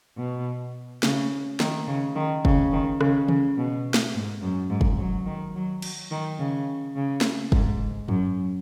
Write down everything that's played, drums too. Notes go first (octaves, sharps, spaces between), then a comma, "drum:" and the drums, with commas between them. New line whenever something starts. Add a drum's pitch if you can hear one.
B2
C#3, drum: snare
D#3, drum: snare
C#3
D#3
C#3, drum: kick
D#3
C#3, drum: rim click
C#3, drum: tom D#3
B2
drum: snare
G#2
F#2
G#2
drum: kick
F#3
D#3
F#3
F#3, drum: cymbal
D#3
C#3
C#3
drum: snare
G#2, drum: kick
F#2, drum: tom G2